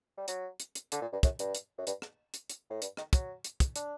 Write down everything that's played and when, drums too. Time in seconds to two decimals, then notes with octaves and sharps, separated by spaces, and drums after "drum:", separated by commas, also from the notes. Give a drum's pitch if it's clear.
0.18 G3
0.28 F#3, drum: hi-hat
0.60 drum: hi-hat
0.75 drum: hi-hat
0.92 D3, drum: hi-hat
1.01 A#2
1.13 G2
1.23 F#2, drum: kick, hi-hat
1.39 G2, drum: hi-hat
1.55 drum: hi-hat
1.78 F#2
1.87 G2, drum: hi-hat
2.02 drum: rim click
2.34 drum: hi-hat
2.50 drum: hi-hat
2.70 A2
2.82 G2, drum: hi-hat
2.97 D#3, drum: rim click
3.13 F#3, drum: kick, hi-hat
3.44 drum: hi-hat
3.60 drum: kick, hi-hat
3.76 D4, drum: hi-hat